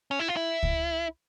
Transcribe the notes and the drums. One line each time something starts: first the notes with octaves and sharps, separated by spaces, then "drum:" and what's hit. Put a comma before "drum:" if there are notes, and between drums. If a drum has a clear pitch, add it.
C#4
E4
F4
E4
drum: kick C#2